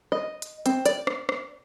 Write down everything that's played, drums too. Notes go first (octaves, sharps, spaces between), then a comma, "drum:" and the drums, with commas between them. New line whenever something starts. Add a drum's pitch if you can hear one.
D#5
drum: hi-hat
C4, drum: hi-hat
D5, drum: hi-hat
drum: rim click
drum: rim click